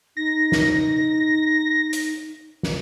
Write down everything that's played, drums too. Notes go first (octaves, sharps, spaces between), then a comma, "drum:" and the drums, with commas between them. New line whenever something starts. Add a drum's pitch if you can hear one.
D#4 A#6
drum: snare
drum: hi-hat
drum: snare